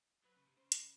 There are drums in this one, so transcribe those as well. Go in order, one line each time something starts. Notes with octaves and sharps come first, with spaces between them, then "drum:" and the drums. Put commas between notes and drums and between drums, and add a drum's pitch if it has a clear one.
F#3 B4
C#3
C3
C#3 C5
drum: hi-hat